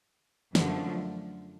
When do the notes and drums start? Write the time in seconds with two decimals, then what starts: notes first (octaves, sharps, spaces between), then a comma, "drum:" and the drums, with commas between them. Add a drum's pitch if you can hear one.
0.55 F#2 D3 F3 A3, drum: snare